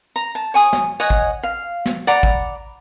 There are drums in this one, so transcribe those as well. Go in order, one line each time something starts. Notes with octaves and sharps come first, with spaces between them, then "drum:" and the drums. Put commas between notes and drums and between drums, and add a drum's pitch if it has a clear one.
A#5
A5
C#5 G#5 D#6
drum: snare
C#5 D#5 F#5 G#5
drum: kick
F5
drum: snare
D5 F#5 A#5 B5
drum: kick